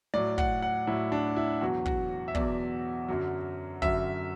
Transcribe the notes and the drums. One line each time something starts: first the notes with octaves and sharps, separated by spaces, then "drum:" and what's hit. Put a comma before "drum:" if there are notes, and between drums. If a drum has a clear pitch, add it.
A2 F#3 D5
F#5, drum: kick
F#5
A2 F#3 E4
D4
E4
E2 B2 F#3 F#4
F#4, drum: kick
E5
E2 B2 F#3 D5, drum: kick
F#2 D3 F#3
F#2 D3 F#3 E5, drum: kick